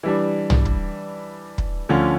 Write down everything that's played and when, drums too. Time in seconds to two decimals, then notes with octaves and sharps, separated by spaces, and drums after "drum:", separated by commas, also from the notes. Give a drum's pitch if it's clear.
0.03 E3 G3 D4
0.50 drum: tom
0.65 drum: kick
1.58 drum: kick
1.89 D2 D3 F3 C#4 F4